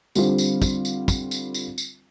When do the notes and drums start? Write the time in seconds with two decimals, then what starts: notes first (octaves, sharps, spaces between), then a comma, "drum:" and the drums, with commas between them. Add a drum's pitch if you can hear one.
0.15 D3 G3 C4 F4, drum: tambourine
0.38 drum: tambourine
0.62 drum: kick, tambourine
0.85 drum: tambourine
1.08 drum: kick, tambourine
1.31 drum: tambourine
1.55 drum: tambourine
1.78 drum: tambourine